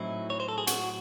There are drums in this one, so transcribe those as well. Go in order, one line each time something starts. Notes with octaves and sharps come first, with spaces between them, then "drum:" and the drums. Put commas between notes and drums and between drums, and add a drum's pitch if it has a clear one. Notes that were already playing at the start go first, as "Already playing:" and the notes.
Already playing: A2 F#3 C4 D#4 E4
C#5
C5
A4
G#4
F#4, drum: hi-hat